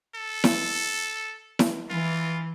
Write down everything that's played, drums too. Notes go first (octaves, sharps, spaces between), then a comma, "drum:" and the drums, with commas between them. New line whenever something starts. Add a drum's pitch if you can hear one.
A4
drum: snare E4
drum: snare E4
E3 F4